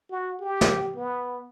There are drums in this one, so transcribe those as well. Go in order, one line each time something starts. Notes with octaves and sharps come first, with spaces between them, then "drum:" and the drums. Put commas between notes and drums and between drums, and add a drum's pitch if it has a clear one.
F#4
G4
drum: snare
B3